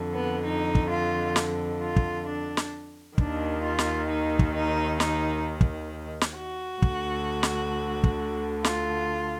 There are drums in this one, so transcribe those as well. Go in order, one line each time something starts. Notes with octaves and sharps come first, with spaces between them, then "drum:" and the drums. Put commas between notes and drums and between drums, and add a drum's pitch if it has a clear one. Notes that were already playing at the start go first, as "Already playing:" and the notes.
Already playing: F2 D3
B3
D#4
drum: kick
F4
drum: snare
F4
drum: kick
D4
drum: snare
D#2 D#3 D4, drum: kick
F4
drum: snare
D#4
drum: kick
D#4
D#4, drum: snare
drum: kick
drum: snare
F#4
D2 D3, drum: kick
drum: snare
drum: kick
F4, drum: snare